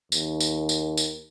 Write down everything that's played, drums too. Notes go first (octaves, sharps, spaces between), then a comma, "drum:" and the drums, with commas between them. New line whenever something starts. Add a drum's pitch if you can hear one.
D#2, drum: tambourine
drum: tambourine
drum: tambourine
drum: tambourine